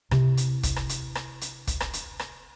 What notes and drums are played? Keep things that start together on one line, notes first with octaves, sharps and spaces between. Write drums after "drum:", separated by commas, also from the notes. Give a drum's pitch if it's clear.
C3 E4, drum: rim click
drum: hi-hat
drum: kick, hi-hat
drum: rim click
drum: hi-hat
drum: rim click
drum: hi-hat
drum: kick, hi-hat
drum: rim click
drum: hi-hat
drum: rim click